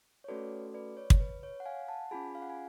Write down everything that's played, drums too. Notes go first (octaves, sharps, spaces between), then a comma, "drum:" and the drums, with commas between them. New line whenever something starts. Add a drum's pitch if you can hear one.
C#5
A3 C#4 F#4 A4 B4 D5
B4 D5
C#5
drum: kick
B4
C#5
F#5
F5 G#5
F#5 A5
C#4 F4 G#4 G#5 B5
F5
F#5
G#5